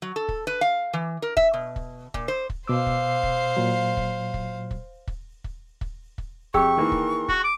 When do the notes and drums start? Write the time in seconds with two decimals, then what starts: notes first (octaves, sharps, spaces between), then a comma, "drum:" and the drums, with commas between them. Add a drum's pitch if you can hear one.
0.02 F#3
0.16 A4
0.28 drum: kick
0.47 B4
0.61 F5
0.93 E3
1.22 A#4
1.37 E5, drum: kick
1.53 B2
1.76 drum: kick
2.14 A#2, drum: kick
2.28 C5
2.50 drum: kick
2.67 B2 C5 F5 D6 E6
2.86 drum: kick
3.23 drum: kick
3.57 A#2 F#3
3.97 drum: kick
4.34 drum: kick
4.71 drum: kick
5.07 drum: kick
5.44 drum: kick
5.81 drum: kick
6.18 drum: kick
6.54 F2 G4 G#4 G5 C#6 E6, drum: kick
6.77 D#3 E3 A#3
6.92 drum: kick
7.28 F#4, drum: kick
7.44 D6